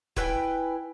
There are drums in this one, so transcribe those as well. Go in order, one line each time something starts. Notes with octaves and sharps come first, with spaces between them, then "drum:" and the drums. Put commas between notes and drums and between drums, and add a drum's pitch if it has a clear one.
E4 B4 G5 G#5, drum: kick E1